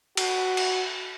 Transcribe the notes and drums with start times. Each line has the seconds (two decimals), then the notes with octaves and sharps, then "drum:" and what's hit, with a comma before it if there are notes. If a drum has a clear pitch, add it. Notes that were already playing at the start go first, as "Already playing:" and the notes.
0.17 F#4, drum: cymbal
0.57 drum: cymbal